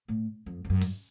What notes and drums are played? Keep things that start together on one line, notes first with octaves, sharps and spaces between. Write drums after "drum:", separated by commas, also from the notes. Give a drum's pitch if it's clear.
A2
F2
F2
F#2
G2, drum: open hi-hat